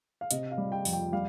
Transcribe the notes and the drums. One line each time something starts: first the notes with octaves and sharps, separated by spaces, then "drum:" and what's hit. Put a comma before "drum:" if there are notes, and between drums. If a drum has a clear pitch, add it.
F5
C3 D#5, drum: hi-hat
F5
G3
G5
F2, drum: open hi-hat
G5
G3 F5